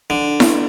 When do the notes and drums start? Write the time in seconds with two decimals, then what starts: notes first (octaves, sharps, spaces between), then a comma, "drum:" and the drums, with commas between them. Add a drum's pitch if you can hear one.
0.10 D3
0.40 drum: snare E4